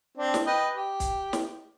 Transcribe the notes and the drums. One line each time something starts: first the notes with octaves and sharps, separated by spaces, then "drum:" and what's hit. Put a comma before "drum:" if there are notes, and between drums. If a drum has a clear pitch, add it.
C4 D4
drum: snare
B4 D#5 G5
G4
drum: kick, hi-hat
drum: snare